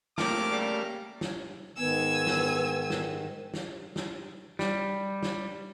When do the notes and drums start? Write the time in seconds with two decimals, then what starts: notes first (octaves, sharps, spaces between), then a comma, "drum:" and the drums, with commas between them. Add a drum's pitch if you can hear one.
0.18 C3 F3 A3 A#3 D6 F6, drum: snare
0.51 C#3 G3
1.21 drum: snare
1.78 G#2 D#3 B3 G#5 E6
2.27 drum: snare
2.90 drum: snare
3.54 drum: snare
3.96 drum: snare
4.59 G3, drum: snare
5.23 drum: snare